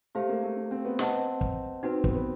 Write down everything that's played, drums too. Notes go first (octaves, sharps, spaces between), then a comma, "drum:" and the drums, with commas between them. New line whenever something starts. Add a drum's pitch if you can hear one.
A3 G4 C5 F5
A#3
A3
A#3
C4
B3
C4 B4 D#5 F#5 A5, drum: snare
drum: kick
C4 D#4 F#4 B4
B3, drum: kick
B3